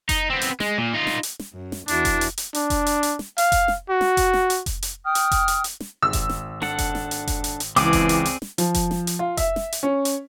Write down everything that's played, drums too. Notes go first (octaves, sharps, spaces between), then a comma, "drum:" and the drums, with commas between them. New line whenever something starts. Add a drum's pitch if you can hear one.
D#4, drum: kick F1, hi-hat
B3 C4
drum: hi-hat
G#3, drum: snare
A#2
D#4 F4
drum: snare
drum: hi-hat
drum: snare
F#2
drum: snare
E2 D4 E4 F#4, drum: hi-hat
drum: kick F1, hi-hat
drum: hi-hat
drum: hi-hat
D4, drum: hi-hat
drum: kick F1, hi-hat
drum: hi-hat
drum: hi-hat
drum: snare
F5, drum: hi-hat
drum: kick F1, hi-hat
drum: snare
F#4
drum: snare
drum: kick F1, hi-hat
drum: snare
drum: hi-hat
drum: kick F1, hi-hat
drum: hi-hat
G5 D#6 F6
drum: hi-hat
drum: kick F1, hi-hat
drum: hi-hat
drum: hi-hat
drum: snare
G#1 E6
drum: kick F1, hi-hat
drum: snare
D4 A4 F#5, drum: snare
drum: kick F1, hi-hat
drum: snare
drum: hi-hat
drum: kick F1, hi-hat
drum: hi-hat
drum: hi-hat
C#2 E3 C4 G#4 D5 D6, drum: hi-hat
drum: kick F1, hi-hat
drum: hi-hat
drum: hi-hat
drum: snare
F3, drum: hi-hat
drum: kick F1, hi-hat
drum: snare
drum: hi-hat
F4
E5, drum: kick F1, hi-hat
drum: snare
drum: hi-hat
C#4
drum: hi-hat